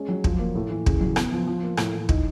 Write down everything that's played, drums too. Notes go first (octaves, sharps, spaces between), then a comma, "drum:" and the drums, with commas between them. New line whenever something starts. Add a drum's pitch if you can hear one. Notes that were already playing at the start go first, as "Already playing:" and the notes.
Already playing: G#3 C#4
F#3
F3, drum: kick
A#3
A2
E3
C#3, drum: kick
F#3
B3, drum: rim click
F3
F3
A#3
A2, drum: rim click
E3
D#4, drum: kick